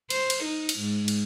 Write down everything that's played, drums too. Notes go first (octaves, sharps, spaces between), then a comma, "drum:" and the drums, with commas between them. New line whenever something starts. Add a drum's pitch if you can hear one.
C5, drum: cymbal
drum: cymbal
D#4
drum: cymbal
G#2
drum: cymbal